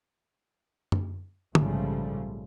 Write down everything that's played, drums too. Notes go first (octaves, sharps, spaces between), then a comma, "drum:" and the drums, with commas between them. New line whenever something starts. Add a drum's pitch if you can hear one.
drum: tom F#2
A#1 G#2 C#3 F3 G3 A3, drum: tom